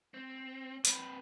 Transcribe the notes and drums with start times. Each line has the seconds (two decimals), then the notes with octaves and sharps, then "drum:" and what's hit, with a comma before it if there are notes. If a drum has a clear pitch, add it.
0.14 C4
0.85 C4 B4, drum: hi-hat